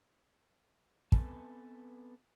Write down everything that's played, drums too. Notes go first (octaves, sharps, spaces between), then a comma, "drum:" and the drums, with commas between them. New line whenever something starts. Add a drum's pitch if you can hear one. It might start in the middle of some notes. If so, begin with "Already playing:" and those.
B3 C4 A4 B4 G#5 A5, drum: kick